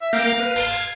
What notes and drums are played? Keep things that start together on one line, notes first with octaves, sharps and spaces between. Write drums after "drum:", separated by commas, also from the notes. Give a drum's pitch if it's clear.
E5
A#3 F5 G5 A#5
B4
A5 C6, drum: open hi-hat
G#6